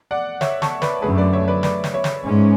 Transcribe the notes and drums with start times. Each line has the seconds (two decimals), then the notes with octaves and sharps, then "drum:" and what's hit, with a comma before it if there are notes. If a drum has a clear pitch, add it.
0.11 D5 F#5
0.41 C#5 E5, drum: snare
0.62 A5 C#6, drum: snare
0.82 B4 D5, drum: snare
1.02 F#2 D3 A3 G#4 B4
1.17 B4 D5
1.33 C#5 E5
1.48 B4 D5
1.63 B4 D5, drum: snare
1.84 drum: snare
1.94 C#5 E5
2.04 drum: snare
2.24 G#2 G#3 C#4